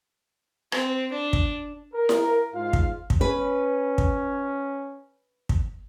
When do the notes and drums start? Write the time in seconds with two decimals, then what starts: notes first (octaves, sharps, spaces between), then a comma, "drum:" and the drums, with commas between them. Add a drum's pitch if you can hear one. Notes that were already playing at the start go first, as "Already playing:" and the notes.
0.72 C4, drum: rim click
1.13 D4
1.33 drum: kick
1.94 A#4
2.09 drum: snare E4
2.54 G#2 F4 F5
2.73 drum: kick
3.10 drum: kick
3.21 C#4 B4
3.98 drum: kick
5.49 drum: kick